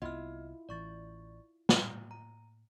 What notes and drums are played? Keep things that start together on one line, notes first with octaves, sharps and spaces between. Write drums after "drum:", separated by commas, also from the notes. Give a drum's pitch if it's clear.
C2 B3 E4 F4 D#5 F6
A1 E3 D5 C#6 A6
A2 A#3 A#5, drum: snare
A#5